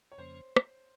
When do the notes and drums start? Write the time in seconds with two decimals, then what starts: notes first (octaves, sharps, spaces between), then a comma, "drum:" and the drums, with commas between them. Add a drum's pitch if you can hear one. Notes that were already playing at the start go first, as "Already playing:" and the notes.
0.12 C#5
0.18 F2 C#3 F3 A#3 C#4 C5
0.56 drum: rim click